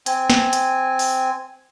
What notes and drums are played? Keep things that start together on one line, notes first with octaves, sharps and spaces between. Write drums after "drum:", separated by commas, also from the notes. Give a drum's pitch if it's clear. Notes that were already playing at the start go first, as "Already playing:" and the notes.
C4 G#5, drum: hi-hat
drum: snare
drum: hi-hat
drum: open hi-hat